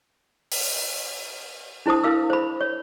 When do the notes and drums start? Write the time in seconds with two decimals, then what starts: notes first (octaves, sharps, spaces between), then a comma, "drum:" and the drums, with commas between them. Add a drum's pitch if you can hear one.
0.52 drum: open hi-hat
1.86 D4 E4 C5 A5 D#6
2.03 E4 A#4 B4 F5 E6
2.30 C5 B5
2.61 C#5